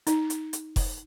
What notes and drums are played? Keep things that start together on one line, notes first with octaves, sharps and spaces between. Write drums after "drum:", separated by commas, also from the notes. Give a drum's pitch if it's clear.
D#4, drum: hi-hat
drum: hi-hat
drum: hi-hat
drum: kick F1, open hi-hat